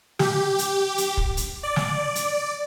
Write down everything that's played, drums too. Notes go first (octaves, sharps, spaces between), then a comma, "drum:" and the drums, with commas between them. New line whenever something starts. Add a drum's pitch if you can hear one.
G4, drum: snare
drum: hi-hat
drum: hi-hat
drum: kick
drum: hi-hat
D5
drum: snare
drum: hi-hat